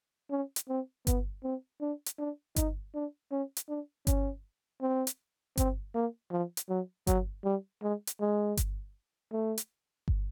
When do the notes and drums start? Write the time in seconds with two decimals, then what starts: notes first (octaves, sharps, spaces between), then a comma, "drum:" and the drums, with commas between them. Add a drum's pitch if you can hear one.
0.31 C#4
0.56 drum: hi-hat
0.69 C4
1.07 B3, drum: kick G1, hi-hat
1.44 C4
1.81 D4
2.06 drum: hi-hat
2.19 D4
2.56 D#4, drum: kick G1, hi-hat
2.94 D4
3.31 C#4
3.57 drum: hi-hat
3.69 D4
4.07 C#4, drum: kick G1, hi-hat
4.81 C4
5.07 drum: hi-hat
5.57 C4, drum: kick G1, hi-hat
5.95 A#3
6.31 F3
6.57 drum: hi-hat
6.69 F#3
7.07 F#3, drum: kick G1, hi-hat
7.44 G3
7.82 G#3
8.07 drum: hi-hat
8.20 G#3
8.57 drum: kick G1, hi-hat
9.32 A3
9.58 drum: hi-hat
10.08 drum: kick G1